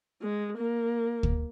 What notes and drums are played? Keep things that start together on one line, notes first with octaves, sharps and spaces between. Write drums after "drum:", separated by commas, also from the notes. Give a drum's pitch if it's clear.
G#3
A#3
drum: kick